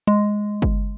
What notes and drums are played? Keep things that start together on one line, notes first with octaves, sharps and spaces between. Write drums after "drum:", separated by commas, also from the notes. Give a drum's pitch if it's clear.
G#3
drum: kick G1